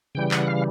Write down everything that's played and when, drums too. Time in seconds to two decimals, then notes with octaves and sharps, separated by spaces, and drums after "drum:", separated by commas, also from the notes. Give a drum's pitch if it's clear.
0.15 C#3 E3 G3 G5
0.31 F#5, drum: clap
0.47 F5